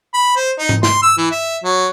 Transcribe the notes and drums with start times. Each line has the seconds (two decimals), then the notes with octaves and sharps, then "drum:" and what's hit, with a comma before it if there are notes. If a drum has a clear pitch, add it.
0.14 B5
0.36 C5
0.59 D#4
0.69 drum: tom G#2
0.83 C6, drum: snare
1.03 E6
1.18 E3
1.31 E5
1.64 F#3